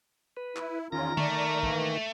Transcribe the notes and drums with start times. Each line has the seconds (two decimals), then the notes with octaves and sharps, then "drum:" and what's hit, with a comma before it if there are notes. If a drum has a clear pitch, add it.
0.37 B4
0.56 E4, drum: clap
0.92 E2 D#3 C#4 F4 A#4 A#6
1.17 A3 D5, drum: tom D3
1.63 E3 A#3, drum: kick